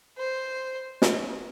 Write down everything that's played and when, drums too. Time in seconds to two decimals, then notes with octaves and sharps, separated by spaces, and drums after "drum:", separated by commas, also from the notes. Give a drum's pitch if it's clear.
0.17 C5
1.02 drum: snare